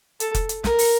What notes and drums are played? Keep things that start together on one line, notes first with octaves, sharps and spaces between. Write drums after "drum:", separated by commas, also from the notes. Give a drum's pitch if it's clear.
A4, drum: hi-hat
drum: kick F1, hi-hat
drum: hi-hat
A#4, drum: snare
drum: open hi-hat